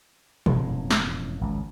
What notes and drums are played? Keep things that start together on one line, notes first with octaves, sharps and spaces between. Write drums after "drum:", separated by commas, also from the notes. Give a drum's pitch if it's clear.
E1 F2 A2 C#3, drum: tom A#2
drum: snare
G#1 C#2